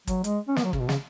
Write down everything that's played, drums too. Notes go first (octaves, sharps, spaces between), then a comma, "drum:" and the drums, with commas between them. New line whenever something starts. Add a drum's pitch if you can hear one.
F#3, drum: kick, hi-hat
G#3, drum: hi-hat
C#4
B3, drum: snare
F#3
C#3, drum: kick
B2
C#3, drum: snare